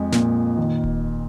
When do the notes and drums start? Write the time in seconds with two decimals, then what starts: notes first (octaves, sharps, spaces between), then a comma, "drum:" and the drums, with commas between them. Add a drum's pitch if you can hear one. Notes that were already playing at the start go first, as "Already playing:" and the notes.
Already playing: F2 G#3
0.12 A#2, drum: snare
0.57 D#3
0.84 drum: kick D#1